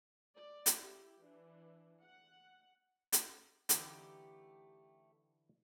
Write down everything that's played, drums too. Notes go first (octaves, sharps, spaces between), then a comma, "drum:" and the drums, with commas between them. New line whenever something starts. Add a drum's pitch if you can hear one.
D5
drum: hi-hat
E4 G4
E3 D4
F#5
drum: hi-hat
D3 E3 A3 D#4 G4, drum: hi-hat